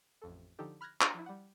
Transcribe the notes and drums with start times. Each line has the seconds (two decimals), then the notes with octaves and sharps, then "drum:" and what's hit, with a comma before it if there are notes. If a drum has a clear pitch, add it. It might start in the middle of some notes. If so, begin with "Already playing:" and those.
0.22 A1 F2 A4
0.59 D3 F3 D#4 G4 A4
0.81 B5 F6 F#6 G#6 A#6
1.01 D4, drum: clap
1.14 F3 E4
1.26 G3 F#5